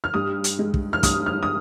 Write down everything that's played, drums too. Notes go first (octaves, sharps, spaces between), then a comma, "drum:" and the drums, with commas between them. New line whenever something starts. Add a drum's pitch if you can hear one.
F6
G2 D#6
drum: hi-hat
G#3
drum: kick
F6
G2 D#6, drum: kick, hi-hat
F6
D#6